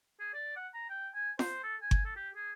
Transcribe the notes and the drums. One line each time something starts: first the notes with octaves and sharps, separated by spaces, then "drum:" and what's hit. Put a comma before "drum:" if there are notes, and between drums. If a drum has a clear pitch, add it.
G#4
D5
F#5
A#5
G5
G#5
C5, drum: snare
A4
G#5
drum: kick G1
A4
G4
G#4